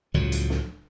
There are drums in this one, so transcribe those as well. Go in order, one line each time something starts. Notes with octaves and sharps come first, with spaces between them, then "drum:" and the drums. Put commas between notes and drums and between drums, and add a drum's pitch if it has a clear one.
C#2 A2 F3 F#3
drum: hi-hat
drum: snare